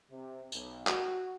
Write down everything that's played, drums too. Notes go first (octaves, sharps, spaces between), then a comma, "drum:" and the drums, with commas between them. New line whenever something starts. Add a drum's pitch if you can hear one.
C3
B1, drum: tambourine
F#4, drum: clap